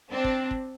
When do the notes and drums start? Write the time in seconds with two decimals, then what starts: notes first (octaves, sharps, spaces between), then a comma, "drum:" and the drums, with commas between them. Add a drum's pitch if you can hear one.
0.11 C4 D4
0.24 drum: kick
0.51 drum: kick